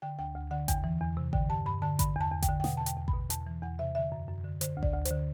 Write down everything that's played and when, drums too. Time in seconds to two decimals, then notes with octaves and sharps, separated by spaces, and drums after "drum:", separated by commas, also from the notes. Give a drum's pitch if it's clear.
0.02 D3 G5
0.19 D2 G5
0.35 D2
0.51 D3 F#5
0.68 E2 G5, drum: kick A1, hi-hat
0.84 E3
1.01 E2
1.17 C3
1.33 D3 G5, drum: kick A1
1.49 G2 A5
1.66 G2 B5
1.82 D3 A5
1.99 D3 B5, drum: kick A1, hi-hat
2.15 E2
2.21 A5
2.32 E2
2.42 G5, drum: kick A1, hi-hat
2.48 D3
2.60 G5
2.64 B2 F#5, drum: snare
2.77 E2 A5
2.86 G5, drum: hi-hat
2.97 E2
3.08 B5, drum: kick A1
3.14 B2
3.30 E2 A5, drum: hi-hat
3.47 E3
3.63 E2 F#5
3.79 C3 E5
3.95 D3 E5
4.12 F#2
4.28 F#2
4.44 D3
4.61 D3 C5, drum: hi-hat
4.77 D2
4.83 D5, drum: kick A1
4.94 D2
5.05 C5, drum: hi-hat
5.11 D3